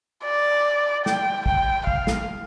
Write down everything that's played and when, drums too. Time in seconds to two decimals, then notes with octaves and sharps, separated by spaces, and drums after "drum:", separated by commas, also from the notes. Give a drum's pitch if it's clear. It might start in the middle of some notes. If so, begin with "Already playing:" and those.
0.25 D5
1.06 G5, drum: snare
1.46 G5, drum: kick
1.87 F5, drum: kick
2.07 drum: snare